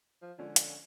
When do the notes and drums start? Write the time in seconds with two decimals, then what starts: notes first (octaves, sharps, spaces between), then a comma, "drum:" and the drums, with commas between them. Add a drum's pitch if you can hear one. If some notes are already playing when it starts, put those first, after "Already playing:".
0.22 F3
0.38 D3 F3 G#3 C#4
0.56 drum: hi-hat